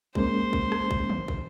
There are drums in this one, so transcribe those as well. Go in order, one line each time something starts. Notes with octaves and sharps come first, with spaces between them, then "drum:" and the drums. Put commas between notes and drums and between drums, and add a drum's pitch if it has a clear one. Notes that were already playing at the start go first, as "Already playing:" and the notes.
G#3 A#3 C#4 C5, drum: kick
drum: kick
drum: rim click
drum: kick
drum: tom
drum: kick